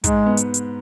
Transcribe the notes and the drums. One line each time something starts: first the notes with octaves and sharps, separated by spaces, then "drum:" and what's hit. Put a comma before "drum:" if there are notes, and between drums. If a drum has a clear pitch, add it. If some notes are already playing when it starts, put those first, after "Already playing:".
G#2 G#3, drum: kick, hi-hat
B3
drum: hi-hat
drum: hi-hat